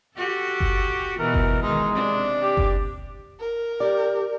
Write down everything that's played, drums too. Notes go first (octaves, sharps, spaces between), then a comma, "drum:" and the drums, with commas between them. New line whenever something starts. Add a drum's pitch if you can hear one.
F#4 G4 A4
drum: kick F#1
B2 E3 A#4
drum: kick F#1
D#3 G#3 D#4
C3 D4
G4
drum: kick F#1
A#4
G4 D5